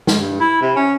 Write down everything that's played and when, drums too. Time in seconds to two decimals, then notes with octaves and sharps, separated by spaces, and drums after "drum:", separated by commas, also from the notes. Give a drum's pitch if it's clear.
0.07 drum: snare
0.17 G2
0.40 E4
0.61 C3
0.76 C#4